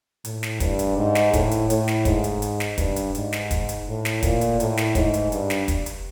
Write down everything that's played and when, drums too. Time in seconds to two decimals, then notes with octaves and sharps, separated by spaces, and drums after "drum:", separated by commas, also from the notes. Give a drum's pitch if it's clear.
0.25 A2, drum: hi-hat
0.43 drum: snare
0.60 G2, drum: kick, hi-hat
0.79 drum: hi-hat
0.97 G#2
1.15 drum: snare
1.33 A2, drum: kick, hi-hat
1.51 drum: hi-hat
1.70 A2, drum: hi-hat
1.88 drum: snare
2.05 G#2, drum: kick, hi-hat
2.24 drum: hi-hat
2.42 drum: hi-hat
2.60 drum: snare
2.78 G2, drum: kick, hi-hat
2.96 drum: hi-hat
3.15 G#2, drum: hi-hat
3.33 drum: snare
3.51 drum: kick, hi-hat
3.69 drum: hi-hat
3.87 A2
4.05 drum: snare
4.22 A#2, drum: kick, hi-hat
4.41 drum: hi-hat
4.60 A2, drum: hi-hat
4.77 drum: snare
4.95 G#2, drum: kick, hi-hat
5.14 drum: hi-hat
5.32 G2, drum: hi-hat
5.50 drum: snare
5.68 drum: kick, hi-hat
5.86 drum: hi-hat